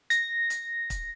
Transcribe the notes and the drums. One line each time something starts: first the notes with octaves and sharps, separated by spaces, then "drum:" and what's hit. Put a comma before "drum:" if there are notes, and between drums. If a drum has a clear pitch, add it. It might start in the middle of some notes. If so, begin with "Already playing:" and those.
A#6, drum: hi-hat
drum: hi-hat
drum: kick, hi-hat